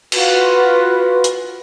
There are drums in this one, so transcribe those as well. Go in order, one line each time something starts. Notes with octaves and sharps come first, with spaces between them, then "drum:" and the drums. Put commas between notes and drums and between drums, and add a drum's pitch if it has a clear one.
F4 F#4 B4, drum: cymbal
drum: hi-hat